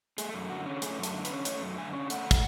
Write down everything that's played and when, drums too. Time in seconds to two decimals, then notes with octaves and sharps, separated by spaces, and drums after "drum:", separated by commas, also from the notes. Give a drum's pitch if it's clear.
0.18 A3 G#4, drum: hi-hat
0.34 F#2
0.50 D3 F#4
0.66 C#4
0.82 A3 G#4, drum: hi-hat
0.98 F#2
1.03 A4, drum: hi-hat
1.14 D3
1.25 B4, drum: hi-hat
1.30 C#4
1.45 A3 C#5, drum: hi-hat
1.62 F#2
1.78 D3 G#5
1.93 C#4
2.10 A3 F#5, drum: hi-hat
2.31 drum: kick, hi-hat